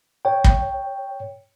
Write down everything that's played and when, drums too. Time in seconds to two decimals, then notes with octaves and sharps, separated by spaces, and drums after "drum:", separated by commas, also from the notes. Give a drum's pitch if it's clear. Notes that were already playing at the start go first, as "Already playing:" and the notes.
0.25 C#5 G5
0.44 drum: kick